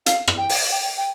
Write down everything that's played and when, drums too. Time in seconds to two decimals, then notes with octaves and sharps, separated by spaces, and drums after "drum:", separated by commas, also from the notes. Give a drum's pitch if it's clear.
0.06 F5, drum: hi-hat
0.28 drum: rim click
0.38 G5
0.49 drum: open hi-hat
0.72 G5
0.97 G5